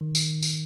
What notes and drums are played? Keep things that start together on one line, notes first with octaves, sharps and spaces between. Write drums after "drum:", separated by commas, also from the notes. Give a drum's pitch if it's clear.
D#3
drum: tambourine
drum: tambourine